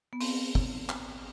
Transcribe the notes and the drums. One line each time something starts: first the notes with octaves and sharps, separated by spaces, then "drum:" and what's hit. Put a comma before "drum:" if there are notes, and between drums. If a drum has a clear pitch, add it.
B3
C4, drum: open hi-hat
drum: kick
drum: clap